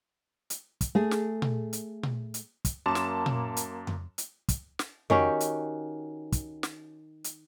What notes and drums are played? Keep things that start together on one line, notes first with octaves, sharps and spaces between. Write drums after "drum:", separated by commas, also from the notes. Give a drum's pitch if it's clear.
drum: hi-hat
drum: kick, hi-hat
A3 G#4
drum: snare
drum: tom A#2
drum: hi-hat
drum: tom A#2
drum: hi-hat
drum: kick, hi-hat
F#2 A#3 A5 C6 D6 E7
drum: snare
drum: tom A#2
drum: hi-hat
drum: tom F2
drum: hi-hat
drum: kick, hi-hat
drum: snare
D#3 C#4 F#4 G4, drum: tom F2
drum: hi-hat
drum: kick, hi-hat
drum: snare
drum: hi-hat